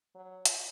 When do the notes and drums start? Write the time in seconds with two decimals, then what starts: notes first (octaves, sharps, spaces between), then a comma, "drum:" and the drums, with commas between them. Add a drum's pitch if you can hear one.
0.15 F#3
0.45 drum: hi-hat